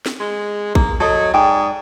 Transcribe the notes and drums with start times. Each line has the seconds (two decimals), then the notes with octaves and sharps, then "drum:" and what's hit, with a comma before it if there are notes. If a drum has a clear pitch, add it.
0.06 drum: snare
0.20 G#3
0.75 A#3 G#4, drum: kick
1.00 F#3 A4 D#5
1.34 G#2 D5 G5 G#5